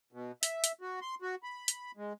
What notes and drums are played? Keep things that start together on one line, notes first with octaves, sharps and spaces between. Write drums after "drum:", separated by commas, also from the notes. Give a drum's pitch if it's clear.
B2
E5, drum: hi-hat
drum: hi-hat
F#4
C6
F#4
B5
drum: hi-hat
G#3